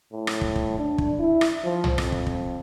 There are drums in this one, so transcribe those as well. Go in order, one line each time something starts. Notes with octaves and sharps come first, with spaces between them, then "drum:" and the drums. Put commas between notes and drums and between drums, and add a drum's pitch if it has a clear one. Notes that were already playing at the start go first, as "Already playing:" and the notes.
A2
drum: rim click
drum: kick
drum: kick
D4
drum: kick
E4
drum: rim click
F3
drum: tom
F2, drum: rim click
drum: kick
drum: kick